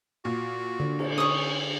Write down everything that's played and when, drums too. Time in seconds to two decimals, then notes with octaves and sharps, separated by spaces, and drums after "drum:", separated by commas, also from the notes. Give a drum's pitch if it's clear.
0.25 A#2 F#4
0.80 D3
0.99 drum: cymbal
1.18 C#4 C#6 D#6